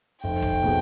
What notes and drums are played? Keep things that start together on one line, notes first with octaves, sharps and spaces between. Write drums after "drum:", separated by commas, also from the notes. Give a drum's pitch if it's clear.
F1 G5
drum: kick E1, hi-hat
B2 G#3